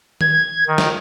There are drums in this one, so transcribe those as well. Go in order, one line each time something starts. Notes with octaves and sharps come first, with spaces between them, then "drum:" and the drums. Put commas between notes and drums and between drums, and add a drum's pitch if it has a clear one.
G#6, drum: tom D#3
D#3
drum: snare